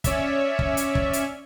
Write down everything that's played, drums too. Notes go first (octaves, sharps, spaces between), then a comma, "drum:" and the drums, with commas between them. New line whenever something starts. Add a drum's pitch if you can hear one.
C#4 C#5 D5 E5, drum: kick, hi-hat
drum: kick
drum: hi-hat
drum: kick
drum: hi-hat